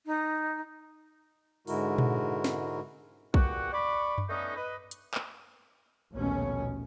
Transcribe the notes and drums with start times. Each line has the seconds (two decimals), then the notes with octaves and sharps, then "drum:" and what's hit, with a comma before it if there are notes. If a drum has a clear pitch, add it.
0.06 D#4
1.67 G#2 D3 G#3 E4 F#4 A#4, drum: open hi-hat
1.98 drum: tom A#2
2.44 drum: snare
3.34 E2 A#2 F#4 G4 F#5, drum: kick
3.73 D5 B5 C#6 D6
4.18 drum: tom F#2
4.29 D3 A3 B3 C#4 D#4
4.56 B4 D#5
4.91 drum: hi-hat
5.14 drum: clap
6.12 A#1 D#2 B2 A3 C#4